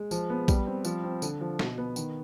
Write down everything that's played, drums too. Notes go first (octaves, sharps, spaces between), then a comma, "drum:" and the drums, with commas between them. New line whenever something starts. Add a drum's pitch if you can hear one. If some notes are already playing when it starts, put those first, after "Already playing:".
Already playing: G#3
F3, drum: tambourine
B3
G3, drum: kick A#1, tambourine
C4
F3, drum: tambourine
C4
D3, drum: tambourine
F3
B2, drum: snare
B3
D#3, drum: tambourine